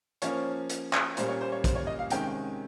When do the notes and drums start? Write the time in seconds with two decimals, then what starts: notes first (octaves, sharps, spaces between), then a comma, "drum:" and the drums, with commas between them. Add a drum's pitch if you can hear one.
0.22 F3 A#3 C#4 C#5, drum: hi-hat
0.70 drum: hi-hat
0.93 drum: clap
1.17 A#2 G3 A#3 C#4 C5, drum: hi-hat
1.28 C#5
1.41 C5
1.52 C#5
1.64 C5, drum: kick, hi-hat
1.75 C#5
1.87 D#5
1.99 F5
2.10 C3 D#3 G#3 C#4 G5, drum: hi-hat